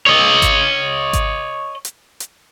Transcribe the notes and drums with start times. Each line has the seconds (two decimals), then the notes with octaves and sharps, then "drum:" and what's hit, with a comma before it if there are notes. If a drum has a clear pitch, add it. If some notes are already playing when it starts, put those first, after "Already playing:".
0.06 C#5 D#5
0.42 drum: kick G#1, hi-hat
1.13 drum: kick G#1, hi-hat
1.85 drum: hi-hat
2.20 drum: hi-hat